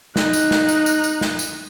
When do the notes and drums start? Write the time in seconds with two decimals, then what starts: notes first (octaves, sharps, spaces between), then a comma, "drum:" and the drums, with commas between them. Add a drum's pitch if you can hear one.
0.16 D#4 F#6, drum: snare
0.33 drum: tambourine
0.51 drum: snare
0.69 drum: tambourine
0.86 drum: tambourine
1.04 drum: tambourine
1.21 drum: snare
1.39 drum: tambourine